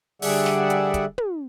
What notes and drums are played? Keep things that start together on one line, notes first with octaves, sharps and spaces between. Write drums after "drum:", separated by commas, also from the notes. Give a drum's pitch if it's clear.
D3 G3 G#4 D5 E5 F#5, drum: open hi-hat
drum: snare
drum: hi-hat
drum: kick, hi-hat
drum: tom